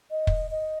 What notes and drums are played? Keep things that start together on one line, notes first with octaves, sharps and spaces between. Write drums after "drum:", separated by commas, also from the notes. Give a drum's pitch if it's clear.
D#5
drum: kick
D#5